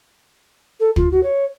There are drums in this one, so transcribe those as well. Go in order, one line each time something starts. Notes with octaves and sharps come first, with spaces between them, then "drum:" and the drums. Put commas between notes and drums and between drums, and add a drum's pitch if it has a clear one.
A4
F4, drum: kick
F#4
C#5